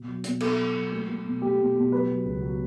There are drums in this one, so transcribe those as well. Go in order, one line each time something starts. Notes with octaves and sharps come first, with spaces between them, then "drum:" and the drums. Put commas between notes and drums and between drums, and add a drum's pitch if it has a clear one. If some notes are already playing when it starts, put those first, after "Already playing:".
Already playing: B2
F#3
B2, drum: hi-hat
B2 A4, drum: cymbal
F#3
F#3
A3
A3
B2
A3 G4
B2
B2
F#3 B4
F#3
C#2
F#3